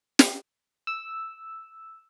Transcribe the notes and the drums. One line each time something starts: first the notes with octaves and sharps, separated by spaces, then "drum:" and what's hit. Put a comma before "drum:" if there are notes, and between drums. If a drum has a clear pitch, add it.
drum: snare
E6